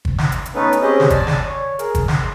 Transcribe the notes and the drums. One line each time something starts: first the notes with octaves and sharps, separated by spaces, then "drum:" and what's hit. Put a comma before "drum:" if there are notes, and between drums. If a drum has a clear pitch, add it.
drum: kick
drum: snare
drum: hi-hat
drum: hi-hat
A3 B3 C#4 D#4 A4 B4
drum: hi-hat
C4 C#4 G4 G#4 D#5
drum: snare
D5 G#5 A5, drum: kick, hi-hat
drum: snare
C#5
G#4 A#4, drum: hi-hat
drum: kick, hi-hat
C6, drum: snare